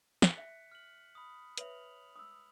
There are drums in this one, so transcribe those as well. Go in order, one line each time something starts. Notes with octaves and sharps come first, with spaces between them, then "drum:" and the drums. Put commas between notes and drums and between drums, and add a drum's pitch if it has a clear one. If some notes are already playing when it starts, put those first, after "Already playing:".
F#6 B6 C#7, drum: snare
E5
F6 F#7
B5 D#6
B4 C#5 E5 F7 F#7, drum: hi-hat
D#6 E6